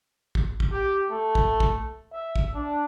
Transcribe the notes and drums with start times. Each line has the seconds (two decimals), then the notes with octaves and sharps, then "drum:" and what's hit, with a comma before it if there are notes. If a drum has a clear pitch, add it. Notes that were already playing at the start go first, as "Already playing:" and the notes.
0.35 drum: kick
0.60 drum: kick
0.72 G4
1.10 A3
1.35 drum: kick
1.60 drum: kick
2.13 E5
2.36 drum: kick
2.54 D4